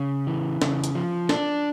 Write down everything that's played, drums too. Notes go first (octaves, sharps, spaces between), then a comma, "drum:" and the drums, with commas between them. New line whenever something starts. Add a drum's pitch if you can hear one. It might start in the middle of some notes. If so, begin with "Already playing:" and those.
Already playing: C#3
E3
C#3, drum: snare
drum: hi-hat
F3
D4, drum: snare